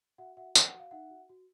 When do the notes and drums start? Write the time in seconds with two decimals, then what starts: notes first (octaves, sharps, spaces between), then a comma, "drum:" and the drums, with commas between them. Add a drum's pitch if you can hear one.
0.18 F#4 E5 F#5
0.37 F#4 E5 F#5
0.55 B4 G5, drum: tambourine
0.67 F#5
0.74 F#4
0.80 F5
0.91 D#4 E5 F#5
1.10 F#4
1.29 F#4